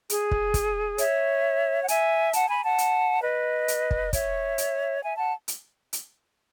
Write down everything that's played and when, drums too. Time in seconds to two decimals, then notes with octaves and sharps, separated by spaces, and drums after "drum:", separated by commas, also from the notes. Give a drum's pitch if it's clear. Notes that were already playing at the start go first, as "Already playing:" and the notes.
0.10 G#4, drum: hi-hat
0.31 drum: kick
0.54 drum: kick, hi-hat
0.98 C#5 E5, drum: hi-hat
1.84 F#5
1.88 E5 G#5, drum: hi-hat
2.33 F#5 A5, drum: hi-hat
2.48 G#5 B5
2.63 F#5 A5
2.78 drum: hi-hat
3.23 B4 D#5
3.68 drum: hi-hat
3.91 drum: kick
4.13 C#5 E5, drum: kick, hi-hat
4.58 drum: hi-hat
5.03 E5 G#5
5.17 F#5 A5
5.48 drum: hi-hat
5.93 drum: hi-hat